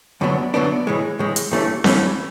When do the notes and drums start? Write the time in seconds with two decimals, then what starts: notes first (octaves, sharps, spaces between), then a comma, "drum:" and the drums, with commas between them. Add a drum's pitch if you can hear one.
0.21 F#2 D3 F#3 B3 D4
0.54 F#2 D3 F#3 B3 D4
0.87 A2 E3 G#3
1.19 A2 E3 G#3
1.36 drum: hi-hat
1.52 G2 E3 A3 C#4
1.84 G2 E3 A3 C#4, drum: snare C4